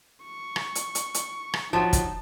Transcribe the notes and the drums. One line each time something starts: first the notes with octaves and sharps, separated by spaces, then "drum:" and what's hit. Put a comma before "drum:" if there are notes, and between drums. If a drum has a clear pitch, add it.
C#6
drum: rim click
drum: hi-hat
drum: hi-hat
drum: hi-hat
drum: rim click
F3 F#3 D#4 A5
drum: kick, hi-hat